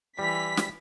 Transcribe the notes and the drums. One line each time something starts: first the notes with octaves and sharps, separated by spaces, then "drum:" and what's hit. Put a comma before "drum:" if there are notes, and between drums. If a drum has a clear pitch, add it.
E3 G3 B6
drum: snare